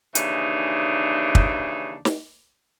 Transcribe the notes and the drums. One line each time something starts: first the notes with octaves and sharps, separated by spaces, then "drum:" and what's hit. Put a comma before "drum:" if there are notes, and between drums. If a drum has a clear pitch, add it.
D#2 C#3 E3 D4 D#4, drum: hi-hat
drum: kick
drum: snare